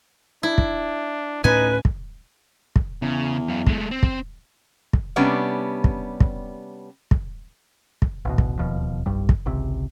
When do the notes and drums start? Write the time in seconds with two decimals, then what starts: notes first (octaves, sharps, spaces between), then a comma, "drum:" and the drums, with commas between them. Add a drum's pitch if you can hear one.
0.43 D4 E4
0.58 drum: kick
1.44 D2 A2 C#4 D#4 B4 G#5
1.85 drum: kick
2.76 drum: kick
3.02 E2 C#3
3.48 F#2 F5
3.66 G#3 A3, drum: kick
3.91 C4
4.03 drum: kick
4.93 drum: kick
5.16 C3 G3 B3 C#4 D4
5.84 drum: kick
6.20 drum: kick
7.11 drum: kick
8.02 drum: kick
8.25 A1 D2 B2
8.38 drum: kick
8.59 D1 D#2 B2 F3
9.06 F1 B1 G2 G3
9.29 drum: kick
9.46 G#1 C#2 C3